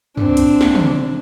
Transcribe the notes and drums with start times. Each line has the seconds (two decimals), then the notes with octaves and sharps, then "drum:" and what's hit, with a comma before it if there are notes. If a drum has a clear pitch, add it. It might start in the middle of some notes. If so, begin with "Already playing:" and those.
0.17 C4 D4, drum: tom
0.37 drum: hi-hat
0.61 drum: snare
0.75 drum: tom